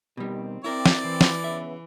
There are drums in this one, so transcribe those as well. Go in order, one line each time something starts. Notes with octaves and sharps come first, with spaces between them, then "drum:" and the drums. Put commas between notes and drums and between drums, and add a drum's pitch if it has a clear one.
B2 D#3 G3 C4 G4
C4 E4 A#4 D5
drum: snare
E3
drum: snare
C#3 B3 C#4 E5